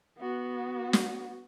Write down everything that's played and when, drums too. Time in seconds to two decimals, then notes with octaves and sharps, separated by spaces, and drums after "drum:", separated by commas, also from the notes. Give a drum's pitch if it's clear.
0.18 B3 F#4
0.93 drum: snare